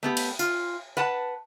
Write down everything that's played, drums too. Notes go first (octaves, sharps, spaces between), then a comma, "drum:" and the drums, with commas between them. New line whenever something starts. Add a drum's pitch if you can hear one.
A3 B3 G4
drum: cymbal
F4, drum: tambourine
B4 F#5 A5